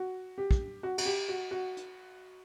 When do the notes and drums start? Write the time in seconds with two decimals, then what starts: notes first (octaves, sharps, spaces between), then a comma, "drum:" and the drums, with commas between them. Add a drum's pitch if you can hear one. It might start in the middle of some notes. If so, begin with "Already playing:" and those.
Already playing: F#4
0.38 G4
0.51 drum: kick
0.83 F#4
0.98 F#4, drum: cymbal
1.05 G4
1.29 F#4
1.51 F#4
1.77 drum: hi-hat